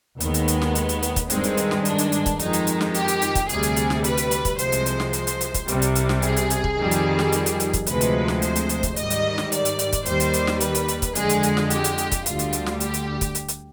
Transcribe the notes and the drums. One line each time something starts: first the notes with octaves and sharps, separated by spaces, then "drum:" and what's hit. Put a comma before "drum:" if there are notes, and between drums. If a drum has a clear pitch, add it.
D#2 D#3 G#3 B3, drum: hi-hat
drum: hi-hat
drum: hi-hat
drum: snare
drum: hi-hat
drum: hi-hat
drum: hi-hat
drum: kick, hi-hat
G2 D#3 G#3 C4, drum: hi-hat
drum: hi-hat
drum: hi-hat
drum: snare
D4, drum: hi-hat
drum: hi-hat
drum: hi-hat
drum: kick, hi-hat
F2 D#3 G#3 D#4, drum: hi-hat
drum: hi-hat
drum: hi-hat
drum: snare
G4, drum: hi-hat
drum: hi-hat
drum: hi-hat
drum: kick, hi-hat
D2 C3 G3 G#4, drum: hi-hat
drum: hi-hat
drum: hi-hat
drum: snare
B4, drum: hi-hat
drum: hi-hat
drum: hi-hat
drum: kick, hi-hat
C2 C3 F3 G#3 C5, drum: hi-hat
drum: hi-hat
drum: hi-hat
drum: snare
C5, drum: hi-hat
drum: hi-hat
drum: hi-hat
drum: kick, hi-hat
C2 C3 G3, drum: hi-hat
drum: hi-hat
drum: hi-hat
drum: snare
G#4, drum: hi-hat
drum: hi-hat
drum: hi-hat
drum: kick
F2 D#3 G3
drum: hi-hat
drum: snare
drum: hi-hat
drum: hi-hat
drum: hi-hat
drum: kick, hi-hat
D2 C3 F3 G#3 B4, drum: hi-hat
drum: hi-hat
drum: snare
C5, drum: hi-hat
drum: hi-hat
drum: hi-hat
drum: kick, hi-hat
G#2 D#3 G3 D#5, drum: hi-hat
drum: hi-hat
drum: snare
D5, drum: hi-hat
drum: hi-hat
drum: hi-hat
drum: kick, hi-hat
D#2 D#3 G3 C5, drum: hi-hat
drum: hi-hat
drum: hi-hat
drum: snare
B4, drum: hi-hat
drum: hi-hat
drum: hi-hat
drum: kick, hi-hat
F2 D3 G#3 G#4, drum: hi-hat
drum: hi-hat
drum: hi-hat
drum: snare
G4, drum: hi-hat
drum: hi-hat
drum: hi-hat
drum: kick, hi-hat
D2 D3 G3 F4, drum: hi-hat
drum: hi-hat
drum: hi-hat
drum: snare
G4, drum: hi-hat
drum: hi-hat
drum: kick, hi-hat
drum: hi-hat
drum: hi-hat